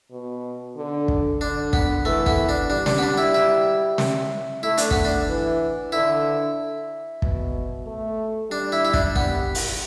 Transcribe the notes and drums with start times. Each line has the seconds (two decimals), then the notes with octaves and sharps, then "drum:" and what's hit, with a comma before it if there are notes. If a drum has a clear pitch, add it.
0.11 B2
0.76 D3
1.08 drum: kick
1.40 D3 D4
1.73 B3, drum: kick
2.05 E3 A3
2.26 B3, drum: kick
2.49 D4
2.70 G3 D4
2.86 D4, drum: snare
2.98 B3
3.03 D4
3.18 E4
3.34 E4
3.98 drum: snare
4.63 A3 E4
4.78 D4, drum: hi-hat
4.91 B3, drum: kick
5.05 D4
5.28 E3
5.92 D3 E4
7.22 B2, drum: kick
7.86 A3
8.51 G3 D4
8.72 E4
8.85 E4
8.94 D4, drum: kick
9.16 B3, drum: kick
9.55 drum: open hi-hat